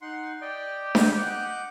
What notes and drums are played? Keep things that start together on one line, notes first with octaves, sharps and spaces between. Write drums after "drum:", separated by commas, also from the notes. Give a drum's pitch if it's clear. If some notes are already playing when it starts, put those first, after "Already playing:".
D#4 F#5 C6
G4 D5 D#5 G5
drum: snare D4
D#5 F#5 D6